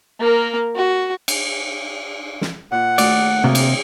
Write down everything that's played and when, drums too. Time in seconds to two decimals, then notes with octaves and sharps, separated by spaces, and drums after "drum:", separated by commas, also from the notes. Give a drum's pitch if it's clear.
0.20 A#3 A#4
0.75 F#4
1.28 drum: cymbal
2.41 drum: snare
2.72 A#2 F4 F#5
2.98 D#3 A3 F#4 D5, drum: cymbal
3.44 C3 A#3 F#4 G#4 G5
3.55 drum: cymbal